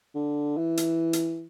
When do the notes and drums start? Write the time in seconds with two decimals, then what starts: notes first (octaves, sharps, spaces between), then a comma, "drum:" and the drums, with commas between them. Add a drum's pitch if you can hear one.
0.15 D3
0.57 E3
0.77 drum: hi-hat
1.13 drum: hi-hat